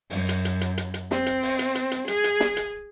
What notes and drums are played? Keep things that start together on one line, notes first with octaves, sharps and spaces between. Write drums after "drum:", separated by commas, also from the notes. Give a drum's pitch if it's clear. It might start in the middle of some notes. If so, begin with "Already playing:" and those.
F#2, drum: open hi-hat
drum: hi-hat
drum: hi-hat
drum: hi-hat
drum: hi-hat
drum: hi-hat
C4, drum: snare
drum: hi-hat
drum: open hi-hat
drum: hi-hat
drum: hi-hat
drum: hi-hat
G#4, drum: hi-hat
drum: hi-hat
drum: snare
drum: hi-hat